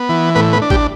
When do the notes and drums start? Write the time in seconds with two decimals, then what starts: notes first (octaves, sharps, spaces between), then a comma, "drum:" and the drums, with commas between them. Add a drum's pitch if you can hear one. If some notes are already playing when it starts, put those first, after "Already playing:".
Already playing: B3
0.09 E3
0.35 A2 B3 B4
0.53 B3 B4
0.62 D4
0.70 G3 G4, drum: kick